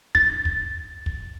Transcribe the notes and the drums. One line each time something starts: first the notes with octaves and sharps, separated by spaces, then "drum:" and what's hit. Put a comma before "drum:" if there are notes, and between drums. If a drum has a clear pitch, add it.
A6, drum: kick
drum: kick
drum: kick